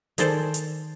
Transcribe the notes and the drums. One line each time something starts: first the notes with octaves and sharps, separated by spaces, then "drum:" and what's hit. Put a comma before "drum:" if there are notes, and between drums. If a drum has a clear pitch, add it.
D#3 G#4 A4 C5 D5, drum: hi-hat
drum: hi-hat